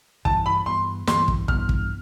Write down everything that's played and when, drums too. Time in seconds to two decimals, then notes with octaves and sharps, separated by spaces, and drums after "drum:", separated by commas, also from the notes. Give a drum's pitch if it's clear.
0.25 G2 E3 B3 A5, drum: kick
0.46 B5
0.66 G2 E3 B3 C6
1.07 G2 E3 B3 C6, drum: snare
1.28 drum: kick
1.48 G2 E3 B3 F6, drum: kick
1.69 drum: kick